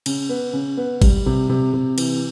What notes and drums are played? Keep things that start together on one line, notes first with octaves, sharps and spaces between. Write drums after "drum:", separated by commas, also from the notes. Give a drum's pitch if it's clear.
C#3, drum: cymbal
B3
C#3
B3
G3, drum: kick G#1, cymbal
C3
C3
C3
E3, drum: cymbal